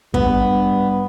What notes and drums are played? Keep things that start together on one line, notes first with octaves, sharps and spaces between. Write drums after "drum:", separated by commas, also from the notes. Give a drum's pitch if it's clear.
G2 B3, drum: kick